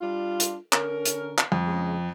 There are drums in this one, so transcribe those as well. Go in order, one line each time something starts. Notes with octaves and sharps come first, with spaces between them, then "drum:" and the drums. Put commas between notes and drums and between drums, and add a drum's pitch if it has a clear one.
G3 D4 F4
drum: hi-hat
D3 C#4 A#4, drum: clap
drum: hi-hat
drum: clap
F2
C#3 G#3